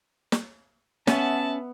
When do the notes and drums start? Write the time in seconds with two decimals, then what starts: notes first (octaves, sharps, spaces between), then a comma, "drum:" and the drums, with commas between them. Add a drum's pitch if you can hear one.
0.32 drum: snare
1.07 B3 C#4 E5 F#5 A5, drum: snare